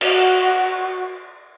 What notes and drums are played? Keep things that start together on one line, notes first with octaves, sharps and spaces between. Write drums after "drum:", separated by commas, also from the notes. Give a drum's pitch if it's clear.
F#4, drum: cymbal